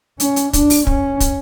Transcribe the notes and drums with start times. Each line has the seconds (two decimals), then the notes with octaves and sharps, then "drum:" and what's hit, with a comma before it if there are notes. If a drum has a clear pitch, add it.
0.20 C#4, drum: hi-hat
0.36 drum: hi-hat
0.53 D4, drum: kick, hi-hat
0.70 drum: open hi-hat
0.87 C#4, drum: kick
1.20 drum: kick, hi-hat